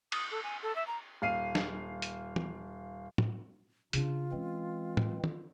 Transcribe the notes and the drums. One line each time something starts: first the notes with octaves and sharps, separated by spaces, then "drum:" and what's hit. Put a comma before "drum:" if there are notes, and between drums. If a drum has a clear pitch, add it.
D#6, drum: cymbal
A4
G#5
A4
E5
A#5
D#1 F5 C7 D#7
drum: snare
drum: hi-hat
drum: tom
drum: tom
C#3 D4 F4, drum: hi-hat
E3 G#3 C4 C#4
drum: tom
drum: tom